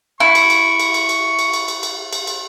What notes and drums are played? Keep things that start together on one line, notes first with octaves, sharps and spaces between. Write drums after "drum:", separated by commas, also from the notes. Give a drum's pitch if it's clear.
E4 C#6
drum: cymbal
drum: cymbal
drum: cymbal
drum: cymbal
drum: cymbal
drum: cymbal
drum: cymbal
drum: cymbal
drum: cymbal
drum: cymbal
drum: cymbal